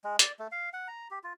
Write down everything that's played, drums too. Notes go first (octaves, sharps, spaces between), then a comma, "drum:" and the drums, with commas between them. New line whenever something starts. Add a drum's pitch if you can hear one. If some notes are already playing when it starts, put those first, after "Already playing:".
G#3
D5, drum: hi-hat
A3
F5
F#5
A#5
G4
F4